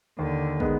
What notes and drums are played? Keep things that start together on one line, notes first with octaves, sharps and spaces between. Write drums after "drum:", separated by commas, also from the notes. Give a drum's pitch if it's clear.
D#2 D3
D#3 G#3 B3, drum: kick